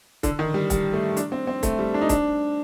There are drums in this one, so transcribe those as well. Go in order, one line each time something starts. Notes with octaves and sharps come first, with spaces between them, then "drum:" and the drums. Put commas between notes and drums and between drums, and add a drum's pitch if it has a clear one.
D3, drum: kick C#1, hi-hat
D#3
G3
G3, drum: kick C#1, hi-hat
A3
D4, drum: hi-hat
C4
C4
A3, drum: kick C#1, hi-hat
G3
D4
D#4
D4, drum: kick C#1, hi-hat